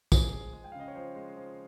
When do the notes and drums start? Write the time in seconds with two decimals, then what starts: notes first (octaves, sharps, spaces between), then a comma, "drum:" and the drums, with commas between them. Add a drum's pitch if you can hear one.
0.12 F3 G#4, drum: kick, tambourine
0.32 G#3
0.53 G#3
0.64 G5
0.72 F5
0.75 C#3 D#5
0.88 C#5
0.95 F3 C5
1.16 G#3
1.36 F3